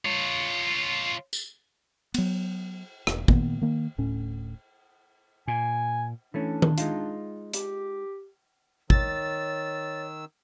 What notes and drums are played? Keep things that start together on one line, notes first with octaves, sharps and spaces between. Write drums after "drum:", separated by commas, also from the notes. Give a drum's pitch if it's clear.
F4 C#5
drum: tambourine
F#3 B3, drum: cymbal
E1, drum: rim click
A#2 D#3 A#3 B3, drum: kick
D#3 A#3
D1 A2 C#4
A#2 G#5
E3 A3 C#4 D4
drum: tom D#3
G#3 D#4 F4, drum: hi-hat
G4, drum: hi-hat
D#3 C#5 E6 A6, drum: kick